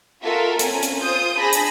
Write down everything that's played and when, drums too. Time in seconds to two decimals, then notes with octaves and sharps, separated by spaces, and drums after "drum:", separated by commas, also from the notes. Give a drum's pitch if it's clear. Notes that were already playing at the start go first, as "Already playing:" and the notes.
0.24 F4 F#4 A4 A#4 E5
0.59 C4 C#4 A#4 G#5, drum: hi-hat
0.83 drum: hi-hat
0.97 F4 C5 D#6 G6
1.38 D4 G#4 A5 B5 A#6
1.53 drum: hi-hat